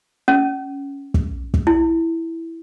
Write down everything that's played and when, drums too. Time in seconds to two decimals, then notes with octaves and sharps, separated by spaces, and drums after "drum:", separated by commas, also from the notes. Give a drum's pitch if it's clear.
0.28 C#4
1.14 drum: kick
1.54 drum: kick
1.67 E4